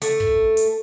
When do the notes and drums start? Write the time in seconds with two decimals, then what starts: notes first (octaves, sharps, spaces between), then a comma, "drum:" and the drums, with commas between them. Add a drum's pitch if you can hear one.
0.02 A3, drum: hi-hat
0.20 drum: kick
0.57 drum: hi-hat